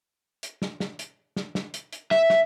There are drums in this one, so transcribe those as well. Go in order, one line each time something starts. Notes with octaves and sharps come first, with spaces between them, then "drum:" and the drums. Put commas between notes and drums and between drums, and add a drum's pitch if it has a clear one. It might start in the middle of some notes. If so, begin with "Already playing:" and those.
drum: hi-hat
drum: snare
drum: snare
drum: hi-hat
drum: snare
drum: snare
drum: hi-hat
drum: hi-hat
E5, drum: snare
drum: snare